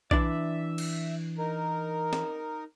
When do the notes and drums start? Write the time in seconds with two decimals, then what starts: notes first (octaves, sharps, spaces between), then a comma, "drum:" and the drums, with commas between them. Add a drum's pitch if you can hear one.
0.11 E3 D4 D5 E5, drum: kick B1
0.78 drum: cymbal
1.38 D#4 A#4
2.13 drum: snare